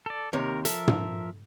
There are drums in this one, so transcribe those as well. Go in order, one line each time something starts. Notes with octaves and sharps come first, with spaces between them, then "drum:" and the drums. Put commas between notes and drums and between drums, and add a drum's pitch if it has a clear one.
A4 D5
D#2 C3 A#4 C#5
F3 A4 A#4 E5, drum: hi-hat
drum: tom